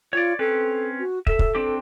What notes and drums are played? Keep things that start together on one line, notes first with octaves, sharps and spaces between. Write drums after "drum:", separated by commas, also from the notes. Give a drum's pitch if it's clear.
F4 C#5 D5
C4 C#4 A4 B4
F#4
A4 E5, drum: kick
drum: kick
C4 D4 G4